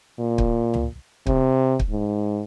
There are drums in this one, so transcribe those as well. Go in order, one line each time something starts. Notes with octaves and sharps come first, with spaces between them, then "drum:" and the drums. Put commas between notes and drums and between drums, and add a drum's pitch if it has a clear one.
A#2
drum: kick
drum: tom C#2
C3, drum: kick
drum: kick
G#2